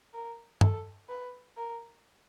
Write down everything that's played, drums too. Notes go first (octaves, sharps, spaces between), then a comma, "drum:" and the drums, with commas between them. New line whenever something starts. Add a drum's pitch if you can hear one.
A#4
A4, drum: tom
B4
A#4